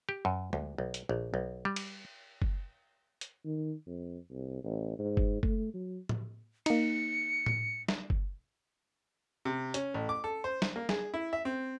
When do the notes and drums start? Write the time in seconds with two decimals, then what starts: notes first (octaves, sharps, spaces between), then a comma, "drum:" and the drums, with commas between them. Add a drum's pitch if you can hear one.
0.09 G4
0.25 F#2
0.53 D2, drum: tom
0.78 B1
0.94 drum: hi-hat
1.09 A#1
1.34 B1
1.65 G3
1.76 drum: cymbal
2.42 drum: kick F#1
3.21 drum: hi-hat
3.45 D#3
3.87 F2
4.31 C2
4.64 A1
4.99 G#2
5.17 drum: kick F#1
5.43 A3, drum: kick F#1
5.74 F#3
6.09 drum: tom A2
6.66 A#3 D#4 C#7, drum: cymbal
7.46 drum: tom A2
7.88 drum: snare
8.10 drum: kick F#1
9.45 C3
9.74 C#4, drum: hi-hat
9.94 A1
10.09 D6
10.24 A4
10.44 C5
10.62 drum: snare
10.76 A#3
10.89 G#4, drum: snare
11.14 E4
11.33 E5
11.45 C4